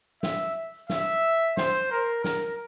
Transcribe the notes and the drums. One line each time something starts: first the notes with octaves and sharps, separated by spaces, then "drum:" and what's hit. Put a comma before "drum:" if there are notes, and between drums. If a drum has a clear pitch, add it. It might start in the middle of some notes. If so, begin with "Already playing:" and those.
E5, drum: snare
E5, drum: snare
C5, drum: snare
A#4
A#4, drum: snare